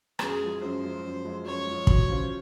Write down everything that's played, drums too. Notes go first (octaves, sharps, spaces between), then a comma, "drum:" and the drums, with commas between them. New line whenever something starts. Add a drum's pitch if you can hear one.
F#2 G#4, drum: rim click
F3 G#3
F#2 C5
F3 G#3
F#2
F3 G#3
F#2 C#5
F3 G#3
F#3, drum: kick
C#4 F4 C5